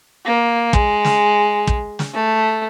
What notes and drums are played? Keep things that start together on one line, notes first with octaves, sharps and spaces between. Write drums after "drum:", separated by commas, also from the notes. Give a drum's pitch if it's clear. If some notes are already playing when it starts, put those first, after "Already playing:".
A#3
G#3, drum: kick
drum: snare
drum: kick
drum: snare
A3